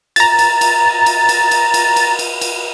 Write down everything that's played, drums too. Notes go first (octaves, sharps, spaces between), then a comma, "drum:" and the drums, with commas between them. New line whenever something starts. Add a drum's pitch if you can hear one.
A#5 A6, drum: cymbal
drum: cymbal
drum: cymbal
drum: cymbal
drum: cymbal
drum: cymbal
drum: cymbal
drum: cymbal
drum: cymbal
drum: cymbal